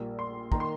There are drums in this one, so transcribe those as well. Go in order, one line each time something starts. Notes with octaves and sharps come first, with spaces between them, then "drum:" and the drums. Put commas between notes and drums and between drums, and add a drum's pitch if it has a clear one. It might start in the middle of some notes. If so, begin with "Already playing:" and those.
Already playing: A#1 A#2 G3 A#3
C6
D#3 A#3 A#5, drum: kick
C6